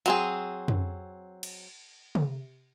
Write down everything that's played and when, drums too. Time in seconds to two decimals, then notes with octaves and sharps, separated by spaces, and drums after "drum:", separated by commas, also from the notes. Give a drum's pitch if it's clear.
0.06 F#3 C4 G#4, drum: hi-hat
0.68 drum: tom
1.43 drum: cymbal
2.15 drum: tom